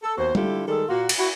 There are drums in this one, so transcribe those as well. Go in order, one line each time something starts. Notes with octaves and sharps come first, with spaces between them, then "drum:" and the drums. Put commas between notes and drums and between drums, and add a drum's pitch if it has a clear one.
A4
D#2 B3 F#4 C5
D3 E4 F4 G4 A4, drum: tom G3
D#3 G3 G#3 A4
A#2 A#3 F4 F#4
drum: cymbal
E4 F#4